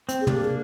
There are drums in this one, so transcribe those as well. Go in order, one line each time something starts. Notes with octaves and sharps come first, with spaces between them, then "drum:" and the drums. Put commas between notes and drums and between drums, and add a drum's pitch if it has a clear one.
C4, drum: hi-hat
G#4
A#3 D4 G4, drum: tom
G#4